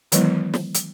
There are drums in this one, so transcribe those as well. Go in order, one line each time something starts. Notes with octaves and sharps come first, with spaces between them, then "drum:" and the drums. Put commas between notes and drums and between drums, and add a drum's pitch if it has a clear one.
D#3 E3 F#3 G#3 B3 E4, drum: hi-hat
drum: snare
drum: hi-hat